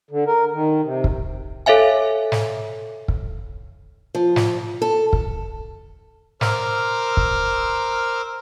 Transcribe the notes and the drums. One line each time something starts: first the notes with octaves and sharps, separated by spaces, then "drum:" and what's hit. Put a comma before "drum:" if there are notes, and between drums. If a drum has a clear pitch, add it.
D3
A#4
D#3
C3
drum: kick
A4 C#5 E5 F5 G#5
drum: snare
drum: kick
F3
drum: snare
A4
drum: kick
A#4 C5 D6 E6 F6, drum: snare
drum: kick